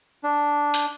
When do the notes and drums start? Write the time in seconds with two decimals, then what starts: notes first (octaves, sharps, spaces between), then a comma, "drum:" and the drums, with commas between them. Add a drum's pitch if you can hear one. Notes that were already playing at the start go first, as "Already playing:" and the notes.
0.24 D4
0.74 drum: hi-hat